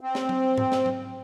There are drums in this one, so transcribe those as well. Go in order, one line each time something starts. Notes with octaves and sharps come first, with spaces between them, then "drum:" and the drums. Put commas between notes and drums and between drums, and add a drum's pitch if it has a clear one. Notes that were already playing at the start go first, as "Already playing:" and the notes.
C4
drum: snare
drum: tom F#3
drum: tom G#2
drum: snare
drum: tom F#3